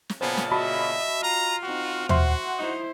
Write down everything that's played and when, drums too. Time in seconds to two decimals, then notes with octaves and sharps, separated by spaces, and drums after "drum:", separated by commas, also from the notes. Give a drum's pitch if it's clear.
0.09 drum: snare
0.21 A#2 C#3 B3 C5 G#5 A5
0.37 drum: snare
0.51 F#4 D#5 E5 A5 B5
1.23 F4 A#5
1.63 C4 D#4 F#4
2.09 F#4 C5 E5 F#5 C6, drum: tom
2.59 D#4 E4 C5